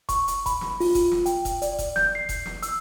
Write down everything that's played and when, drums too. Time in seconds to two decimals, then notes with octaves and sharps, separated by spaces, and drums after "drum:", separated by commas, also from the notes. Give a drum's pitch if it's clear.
0.09 C#6, drum: kick F1, hi-hat
0.28 drum: hi-hat
0.46 B5, drum: kick F1, hi-hat
0.61 drum: snare
0.80 F4, drum: open hi-hat
0.95 drum: kick F1, hi-hat
1.11 drum: snare
1.26 G5, drum: hi-hat
1.45 drum: kick F1, hi-hat
1.62 D5, drum: hi-hat
1.78 drum: kick F1, hi-hat
1.96 G6, drum: snare
2.15 C7
2.29 drum: kick F1, hi-hat
2.46 drum: snare
2.63 E6, drum: hi-hat